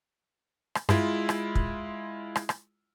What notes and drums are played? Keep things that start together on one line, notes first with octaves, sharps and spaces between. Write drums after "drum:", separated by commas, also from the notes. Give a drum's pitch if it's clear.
drum: rim click
G2 G#3 E4 F4, drum: rim click
drum: rim click
drum: kick
drum: rim click
drum: rim click